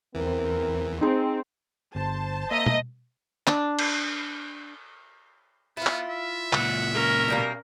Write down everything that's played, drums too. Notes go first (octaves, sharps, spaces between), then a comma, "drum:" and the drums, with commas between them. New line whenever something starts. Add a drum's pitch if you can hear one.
E2 E3 C4 A#4
C4 D#4 G#4
G1 C5 A5
A#3 D#5 E5 A#5
drum: tom
D4, drum: clap
drum: cymbal
B3 E4 F4
drum: clap
E5
C#2 A#2 F#5, drum: clap
C#4 A#4
B2 G3 A#3